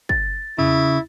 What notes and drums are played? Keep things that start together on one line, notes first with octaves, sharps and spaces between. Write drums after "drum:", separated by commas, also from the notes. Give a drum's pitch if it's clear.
A6, drum: kick
C#3 E4, drum: tom E2